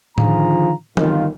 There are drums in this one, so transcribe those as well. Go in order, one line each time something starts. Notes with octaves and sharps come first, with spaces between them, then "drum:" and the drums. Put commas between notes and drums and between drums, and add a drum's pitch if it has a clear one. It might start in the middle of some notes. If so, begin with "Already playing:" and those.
D3 D#3 F3 F4 G#4 A#5, drum: tom A2
G1 D#3 F4, drum: tom E3